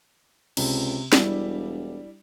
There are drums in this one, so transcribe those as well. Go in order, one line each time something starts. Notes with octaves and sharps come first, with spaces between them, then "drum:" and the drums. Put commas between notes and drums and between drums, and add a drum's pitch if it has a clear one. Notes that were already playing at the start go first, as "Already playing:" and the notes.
C#2 C3, drum: cymbal
E1 G3 D4 E4, drum: snare